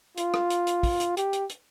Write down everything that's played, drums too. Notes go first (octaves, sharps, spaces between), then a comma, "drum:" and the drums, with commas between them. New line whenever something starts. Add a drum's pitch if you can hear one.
F4, drum: hi-hat
drum: rim click
drum: hi-hat
drum: hi-hat
drum: kick, open hi-hat
drum: hi-hat
G4, drum: hi-hat
drum: hi-hat
drum: hi-hat